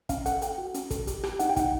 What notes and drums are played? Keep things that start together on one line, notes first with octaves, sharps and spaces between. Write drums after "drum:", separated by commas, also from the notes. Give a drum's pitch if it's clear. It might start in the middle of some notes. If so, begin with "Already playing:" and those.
C#4 F5, drum: kick, hi-hat
A4 F#5, drum: hi-hat
A4 G5, drum: hi-hat
F#4
C#4, drum: hi-hat
A4, drum: kick, hi-hat
G4, drum: hi-hat
G4, drum: rim click
D#4 F#5, drum: hi-hat
G5
D#4 F#5, drum: kick, hi-hat